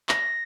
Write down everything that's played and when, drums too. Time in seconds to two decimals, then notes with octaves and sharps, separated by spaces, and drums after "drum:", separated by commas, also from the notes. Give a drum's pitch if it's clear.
0.09 A#6, drum: clap